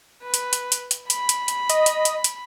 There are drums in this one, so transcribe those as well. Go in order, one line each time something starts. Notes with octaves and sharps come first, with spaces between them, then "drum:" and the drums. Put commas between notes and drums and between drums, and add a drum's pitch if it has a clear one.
B4
drum: hi-hat
drum: hi-hat
drum: hi-hat
drum: hi-hat
B5, drum: hi-hat
drum: hi-hat
drum: hi-hat
D#5, drum: hi-hat
drum: hi-hat
drum: hi-hat
drum: hi-hat